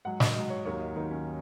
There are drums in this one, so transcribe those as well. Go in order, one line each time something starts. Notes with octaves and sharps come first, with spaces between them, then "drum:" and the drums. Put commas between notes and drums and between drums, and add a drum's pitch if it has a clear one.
G#2 F#3 F#5
D#5, drum: snare
G#2 F#3
C#5
D#2 D#3 F#3 C#5
D#5
D#2 D#3 F#3 D#4
C#4